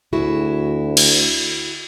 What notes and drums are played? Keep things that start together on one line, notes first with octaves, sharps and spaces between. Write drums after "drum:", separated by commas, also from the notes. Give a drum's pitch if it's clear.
D2 E4 F#4 G#4
drum: cymbal